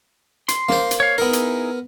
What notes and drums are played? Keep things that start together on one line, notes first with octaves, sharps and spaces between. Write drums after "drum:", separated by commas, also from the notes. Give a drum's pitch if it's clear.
C6, drum: hi-hat
A#3 C5, drum: snare
drum: hi-hat
C#5 F5
B3 D#4 E4 G#4 A#4
drum: hi-hat